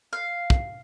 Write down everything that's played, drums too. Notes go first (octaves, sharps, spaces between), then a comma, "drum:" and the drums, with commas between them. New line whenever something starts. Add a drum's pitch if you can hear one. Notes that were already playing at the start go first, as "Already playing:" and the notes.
F5
drum: kick